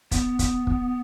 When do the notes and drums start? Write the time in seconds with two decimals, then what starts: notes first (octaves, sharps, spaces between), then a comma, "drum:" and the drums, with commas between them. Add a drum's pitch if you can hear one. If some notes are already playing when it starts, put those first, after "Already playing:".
0.11 B3, drum: kick, hi-hat
0.39 drum: kick, hi-hat
0.67 drum: kick